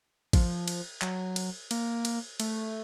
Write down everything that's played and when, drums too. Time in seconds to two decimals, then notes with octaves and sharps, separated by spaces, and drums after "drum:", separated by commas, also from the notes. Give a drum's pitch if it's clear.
0.33 F3, drum: kick, cymbal
0.68 drum: cymbal
1.02 F#3, drum: clap
1.36 drum: cymbal
1.71 A#3, drum: cymbal
2.05 drum: cymbal
2.40 A3, drum: cymbal